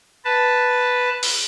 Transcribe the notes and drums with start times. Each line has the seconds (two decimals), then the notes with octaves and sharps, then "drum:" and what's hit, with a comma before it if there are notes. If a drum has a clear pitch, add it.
0.25 B4 A5
1.23 drum: open hi-hat